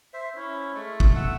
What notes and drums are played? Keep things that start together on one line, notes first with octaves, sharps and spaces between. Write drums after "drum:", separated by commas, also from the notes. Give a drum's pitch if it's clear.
C5 E5
C#4 E4
G#3 A3
drum: kick
F#5 E6